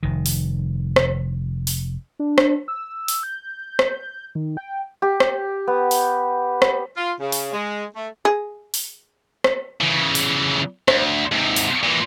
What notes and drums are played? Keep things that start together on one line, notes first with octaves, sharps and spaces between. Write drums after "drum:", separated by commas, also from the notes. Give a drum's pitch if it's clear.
F1 D#3
drum: open hi-hat
drum: rim click
drum: open hi-hat
D4
drum: rim click
E6
drum: open hi-hat
G6
drum: rim click
D#3
G5
G4
drum: rim click
B3
drum: open hi-hat
drum: rim click
F4
C#3
drum: open hi-hat
G#3
A3
G#4
drum: open hi-hat
drum: rim click
C#3 E3
drum: open hi-hat
D2, drum: rim click
G#2 C3
drum: open hi-hat
A#2 E3